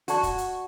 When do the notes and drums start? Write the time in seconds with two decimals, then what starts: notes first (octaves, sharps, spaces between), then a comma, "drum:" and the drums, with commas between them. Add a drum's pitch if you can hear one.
0.08 F#4 A4 D5 A5 C#6, drum: hi-hat
0.23 drum: kick, hi-hat
0.38 drum: hi-hat